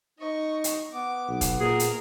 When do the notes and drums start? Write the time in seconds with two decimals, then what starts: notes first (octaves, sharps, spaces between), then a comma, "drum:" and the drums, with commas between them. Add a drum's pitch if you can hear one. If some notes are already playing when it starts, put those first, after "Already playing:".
0.19 D#4 D#5 C#6
0.64 drum: hi-hat
0.92 B3 D6
1.29 B1
1.41 drum: kick E1, hi-hat
1.60 A#2 G#4 A#4
1.80 drum: hi-hat